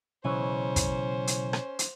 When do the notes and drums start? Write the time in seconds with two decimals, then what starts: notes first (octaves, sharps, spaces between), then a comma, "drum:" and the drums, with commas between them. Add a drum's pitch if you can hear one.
0.25 B1 C#3 E3 C#4 C5
0.76 drum: kick, hi-hat
1.27 drum: hi-hat
1.53 drum: rim click
1.79 drum: hi-hat